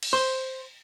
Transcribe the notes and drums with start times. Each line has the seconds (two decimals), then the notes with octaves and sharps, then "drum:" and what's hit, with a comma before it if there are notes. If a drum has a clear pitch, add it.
0.03 drum: cymbal
0.13 C5